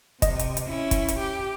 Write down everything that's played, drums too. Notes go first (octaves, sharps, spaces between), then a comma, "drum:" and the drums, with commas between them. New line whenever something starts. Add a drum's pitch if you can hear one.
C3 D#5, drum: kick, hi-hat
drum: hi-hat
drum: hi-hat
C#4 E4
drum: kick, hi-hat
drum: hi-hat
G4